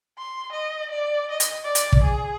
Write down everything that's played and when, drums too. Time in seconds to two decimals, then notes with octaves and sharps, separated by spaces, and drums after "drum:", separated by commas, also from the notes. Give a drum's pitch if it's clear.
0.18 C6
0.52 D#5
0.91 D5
1.31 D#5
1.40 drum: hi-hat
1.64 D5
1.75 drum: hi-hat
1.92 drum: kick
2.03 G#4